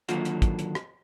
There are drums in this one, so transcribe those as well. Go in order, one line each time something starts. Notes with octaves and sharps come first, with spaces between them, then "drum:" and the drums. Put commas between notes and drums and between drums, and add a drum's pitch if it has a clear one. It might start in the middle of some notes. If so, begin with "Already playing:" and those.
D3 D#3 F#3 A#3 F4 F#4, drum: hi-hat
drum: hi-hat
drum: kick, hi-hat
drum: hi-hat
drum: rim click